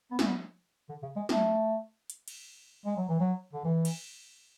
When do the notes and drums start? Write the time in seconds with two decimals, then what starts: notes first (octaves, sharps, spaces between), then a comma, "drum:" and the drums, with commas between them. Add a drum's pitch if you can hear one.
0.11 B3
0.19 C#4, drum: snare
0.26 B3
0.89 D3
1.03 C#3
1.16 G#3
1.29 A3, drum: snare
2.10 drum: hi-hat
2.28 drum: cymbal
2.86 G#3
2.97 F#3
3.09 E3
3.20 F#3
3.53 D3
3.65 E3
3.85 drum: cymbal